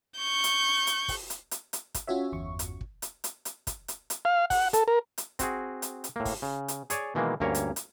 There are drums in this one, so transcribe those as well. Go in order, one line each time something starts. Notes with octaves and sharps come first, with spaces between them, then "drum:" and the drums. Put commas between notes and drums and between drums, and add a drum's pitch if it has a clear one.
C#6 G6
drum: hi-hat
drum: hi-hat
drum: kick, open hi-hat
drum: hi-hat
drum: hi-hat
drum: hi-hat
drum: kick, hi-hat
C#4 F4 F#4 C#5 E5
G1 E2 C#6
drum: hi-hat
drum: kick
drum: hi-hat
drum: hi-hat
drum: hi-hat
drum: kick, hi-hat
drum: hi-hat
drum: hi-hat
F5
F#5, drum: kick, open hi-hat
A4, drum: hi-hat
A#4
drum: hi-hat
C4 F#4 G#4, drum: kick, hi-hat
drum: hi-hat
drum: hi-hat
A2 A#3
drum: kick, open hi-hat
C#3
drum: hi-hat
G#4 C#5 D5 G#5, drum: hi-hat
B2 D#3 E3 G#3 A#3
D2 G2 A#3 C#4 A#4 C#5
drum: hi-hat
drum: hi-hat